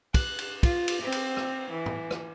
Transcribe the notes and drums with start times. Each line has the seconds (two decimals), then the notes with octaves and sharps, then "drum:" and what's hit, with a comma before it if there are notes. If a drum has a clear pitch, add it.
0.14 F#6, drum: kick, cymbal
0.39 drum: cymbal
0.63 F4, drum: kick, cymbal
0.88 drum: cymbal
1.02 C4
1.12 drum: cymbal
1.37 drum: rim click
1.70 E3
1.86 drum: tom A2
2.11 drum: rim click